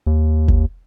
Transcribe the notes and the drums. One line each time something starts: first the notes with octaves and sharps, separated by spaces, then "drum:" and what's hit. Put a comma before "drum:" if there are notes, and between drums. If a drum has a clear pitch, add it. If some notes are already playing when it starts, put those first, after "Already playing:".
D#2
drum: kick G1